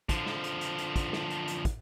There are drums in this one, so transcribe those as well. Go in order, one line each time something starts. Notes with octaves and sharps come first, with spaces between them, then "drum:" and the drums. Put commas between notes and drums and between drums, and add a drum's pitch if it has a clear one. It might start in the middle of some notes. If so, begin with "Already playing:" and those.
D3 F3, drum: kick, hi-hat
drum: snare
drum: hi-hat
drum: hi-hat
drum: hi-hat
drum: kick, hi-hat
drum: snare
drum: hi-hat
drum: hi-hat
drum: kick, hi-hat